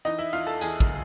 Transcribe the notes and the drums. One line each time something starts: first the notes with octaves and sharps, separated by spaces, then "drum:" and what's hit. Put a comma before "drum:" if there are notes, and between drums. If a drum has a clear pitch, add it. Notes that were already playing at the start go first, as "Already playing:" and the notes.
E3 D#4 D#5
E4 E5
E2 F4 F5
A4 A5
E2 G#4 G#5, drum: tambourine
drum: kick